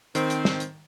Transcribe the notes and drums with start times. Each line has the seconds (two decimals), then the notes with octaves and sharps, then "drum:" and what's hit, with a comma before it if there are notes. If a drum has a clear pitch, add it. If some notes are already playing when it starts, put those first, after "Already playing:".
0.15 D#3 C4, drum: hi-hat
0.30 drum: hi-hat
0.45 drum: snare
0.60 drum: hi-hat